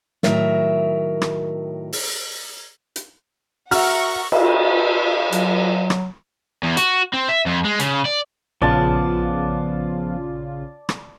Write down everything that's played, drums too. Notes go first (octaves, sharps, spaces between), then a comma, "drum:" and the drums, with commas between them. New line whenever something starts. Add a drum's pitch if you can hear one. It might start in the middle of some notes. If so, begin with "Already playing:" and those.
A2 D#3 F#3 A#4 E5, drum: snare
drum: rim click
drum: open hi-hat
drum: hi-hat
F#4 A#4 E5 F#5 A#5 C#6 F6, drum: open hi-hat
drum: cymbal
F#3, drum: hi-hat
drum: rim click
E2
F#4, drum: hi-hat
C4
E5
F2
G#3
C#3, drum: hi-hat
D5
A#1 C#3 F3 B3 F4 D5 A5
drum: rim click